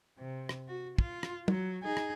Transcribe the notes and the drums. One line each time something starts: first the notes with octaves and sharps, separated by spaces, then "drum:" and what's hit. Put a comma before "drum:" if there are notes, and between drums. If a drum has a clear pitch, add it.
C3
drum: rim click
F#4
F4, drum: kick
drum: rim click
F#3, drum: tom
D#4 G#4
drum: rim click